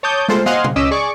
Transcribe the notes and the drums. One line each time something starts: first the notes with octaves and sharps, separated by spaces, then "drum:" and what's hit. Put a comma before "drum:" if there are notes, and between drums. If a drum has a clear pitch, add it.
C#5 A5 D6 D#6 G6
G#3 A3 F4 A4 C5, drum: snare
C5 D#5 F5 F#5 G#5 C6, drum: snare
drum: tom A#2
C#2 C#4 D#5 D6 E6 B6
G#4 D5 C#6 D6